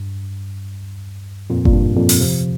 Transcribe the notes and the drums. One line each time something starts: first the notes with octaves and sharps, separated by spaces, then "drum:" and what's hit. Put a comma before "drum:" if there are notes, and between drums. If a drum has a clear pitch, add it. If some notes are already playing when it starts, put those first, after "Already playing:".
Already playing: G2
F2 A#2
A#2, drum: kick G1
G2
F2 A#2
drum: open hi-hat
C3 F3